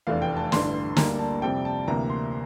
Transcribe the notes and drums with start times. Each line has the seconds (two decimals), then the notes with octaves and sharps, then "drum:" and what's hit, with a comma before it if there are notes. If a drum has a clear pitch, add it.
0.07 F1 E2 E3 A3 D4 F5
0.22 G5
0.37 A5
0.52 A1 G2 D3 C6, drum: snare
0.97 D2 D3 G3 A#3 D4 A#5, drum: snare
1.19 A5
1.42 F2 C3 G3 C4 G5
1.65 A5
1.88 D2 C3 E3 A#3 A#5
2.10 C6